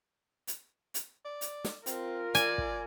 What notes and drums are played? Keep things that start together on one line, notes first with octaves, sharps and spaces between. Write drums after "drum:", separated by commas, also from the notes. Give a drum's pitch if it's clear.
drum: hi-hat
drum: hi-hat
D5
drum: hi-hat
drum: snare
C4 F4 A#4, drum: hi-hat
D5 G#5, drum: hi-hat
drum: kick